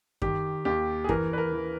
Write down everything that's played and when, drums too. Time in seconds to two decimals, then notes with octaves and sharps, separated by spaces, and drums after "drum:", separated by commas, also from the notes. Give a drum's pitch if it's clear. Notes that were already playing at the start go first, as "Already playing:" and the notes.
0.22 D#3 G4, drum: kick F#2
0.65 D#2 G4
1.04 G#4
1.09 E3 A#4, drum: kick F#2
1.33 B4
1.38 A#4
1.52 E3